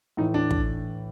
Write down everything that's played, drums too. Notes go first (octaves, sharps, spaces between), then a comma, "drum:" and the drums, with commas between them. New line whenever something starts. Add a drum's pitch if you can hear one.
A2 E3 D#4
D4
drum: kick